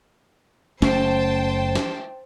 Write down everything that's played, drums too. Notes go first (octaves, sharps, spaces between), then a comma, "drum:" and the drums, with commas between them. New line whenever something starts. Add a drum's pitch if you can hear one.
F#1 A3 C#4 C5 G5 A5, drum: snare
drum: snare